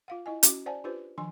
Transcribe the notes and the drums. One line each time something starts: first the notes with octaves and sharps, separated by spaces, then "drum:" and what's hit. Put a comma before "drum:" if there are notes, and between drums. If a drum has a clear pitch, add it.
F4 F5 F#5
E4 D#5 G#5
C#4 F#4 D6, drum: hi-hat
C5 D5 F#5 G#5 A5
D4 F4 G4 B4 C5
D#3 F3 D4 G#5 C6